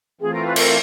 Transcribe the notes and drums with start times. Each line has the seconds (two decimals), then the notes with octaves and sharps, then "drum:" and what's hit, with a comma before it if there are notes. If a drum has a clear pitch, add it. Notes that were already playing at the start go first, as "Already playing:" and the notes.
0.20 E3 A3 C4 F4 G#4
0.33 A#4
0.45 B4
0.56 A#4, drum: cymbal